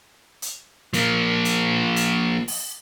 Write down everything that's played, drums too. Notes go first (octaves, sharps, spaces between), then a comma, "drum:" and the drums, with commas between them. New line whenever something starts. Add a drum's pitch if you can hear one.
drum: hi-hat
F3 A#3, drum: hi-hat
drum: hi-hat
drum: hi-hat
drum: open hi-hat